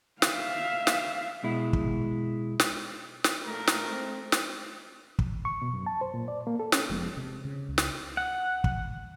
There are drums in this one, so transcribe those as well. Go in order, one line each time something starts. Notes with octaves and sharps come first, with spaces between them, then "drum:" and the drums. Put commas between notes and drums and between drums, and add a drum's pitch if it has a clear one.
E5 F5, drum: snare
drum: snare
B2 G#3 E4
drum: kick
drum: snare
drum: snare
A#2 A3 A#4
drum: snare
C4
drum: snare
drum: kick
C#6
B2
F#2
A5
C5
A#2
D5
A#3
A4
C#4, drum: snare
F1 F3 G#3 B3
C3
C#3
C#2
drum: snare
F#5
drum: kick